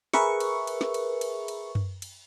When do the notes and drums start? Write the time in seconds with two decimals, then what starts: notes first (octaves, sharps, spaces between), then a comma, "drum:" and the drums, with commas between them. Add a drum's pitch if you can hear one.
0.13 G#4 A#4 B4 E5 C#6, drum: snare
0.40 drum: cymbal
0.67 drum: cymbal
0.81 drum: snare
0.94 drum: cymbal
1.21 drum: cymbal
1.48 drum: cymbal
1.75 drum: tom F#2
2.02 drum: cymbal